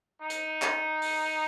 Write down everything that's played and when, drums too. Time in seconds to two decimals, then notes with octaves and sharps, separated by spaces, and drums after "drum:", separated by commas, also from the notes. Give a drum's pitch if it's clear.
0.20 D#4
0.30 drum: hi-hat
0.62 drum: clap
1.02 drum: open hi-hat